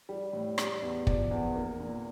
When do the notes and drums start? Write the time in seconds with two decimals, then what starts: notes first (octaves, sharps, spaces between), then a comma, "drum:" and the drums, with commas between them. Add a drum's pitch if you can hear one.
0.09 G3
0.33 A2
0.58 G3, drum: rim click
0.82 E2
1.07 F3 D5, drum: kick
1.31 E2
1.56 A#3
1.80 A#2